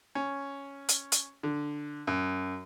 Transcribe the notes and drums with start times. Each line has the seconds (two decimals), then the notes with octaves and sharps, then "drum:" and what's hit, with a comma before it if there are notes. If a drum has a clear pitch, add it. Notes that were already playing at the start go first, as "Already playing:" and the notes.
0.15 C#4
0.89 drum: hi-hat
1.12 drum: hi-hat
1.43 D3
2.07 F#2